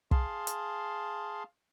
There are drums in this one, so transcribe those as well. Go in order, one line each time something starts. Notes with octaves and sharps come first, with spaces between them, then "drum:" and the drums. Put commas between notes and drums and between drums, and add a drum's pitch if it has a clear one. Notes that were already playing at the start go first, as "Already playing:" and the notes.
G#4 F5 A5 C6, drum: kick
drum: hi-hat